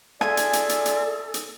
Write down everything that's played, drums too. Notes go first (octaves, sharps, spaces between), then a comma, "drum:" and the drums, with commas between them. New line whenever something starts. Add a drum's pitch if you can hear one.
F4 G#4 A4 D5 E5 G#5, drum: rim click
drum: hi-hat
drum: hi-hat
drum: hi-hat
drum: hi-hat
drum: hi-hat